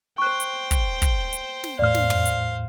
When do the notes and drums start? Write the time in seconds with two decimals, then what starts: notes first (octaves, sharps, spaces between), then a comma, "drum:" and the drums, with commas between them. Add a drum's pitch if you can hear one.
0.18 C5 G5 C#6 F#6
0.40 drum: hi-hat
0.71 drum: kick, hi-hat
1.02 drum: kick, hi-hat
1.33 drum: hi-hat
1.64 drum: snare
1.79 E2 A2 C5 D5 F5 F6
1.95 drum: snare
2.10 drum: tom
2.25 drum: hi-hat